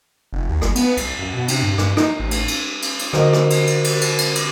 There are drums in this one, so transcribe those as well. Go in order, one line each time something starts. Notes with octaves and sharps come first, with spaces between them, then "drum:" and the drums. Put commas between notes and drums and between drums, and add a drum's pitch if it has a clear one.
F1
D#2
F#1, drum: rim click
B3, drum: cymbal
C2, drum: cymbal
F#2
B2
C3, drum: cymbal
G2
G2, drum: rim click
D#4, drum: rim click
A1
drum: cymbal
drum: cymbal
drum: cymbal
drum: cymbal
D3 F#4 A#4 C5 D#5, drum: rim click
drum: rim click
drum: cymbal
drum: cymbal
drum: cymbal
drum: cymbal
drum: cymbal
drum: cymbal